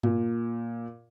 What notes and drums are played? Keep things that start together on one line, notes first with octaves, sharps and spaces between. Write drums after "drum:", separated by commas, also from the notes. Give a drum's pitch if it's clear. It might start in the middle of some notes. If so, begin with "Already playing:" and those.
A#2, drum: tom G2